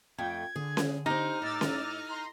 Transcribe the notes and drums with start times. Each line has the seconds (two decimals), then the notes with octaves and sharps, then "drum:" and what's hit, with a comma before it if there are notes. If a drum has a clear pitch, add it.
0.18 F2 A3 G5 G#6
0.56 D3 G#4
0.77 drum: snare C#4
1.06 C4 D#4 G4 F6
1.42 A2 D6 E6 A6
1.61 drum: snare C#4
2.09 A#5 C6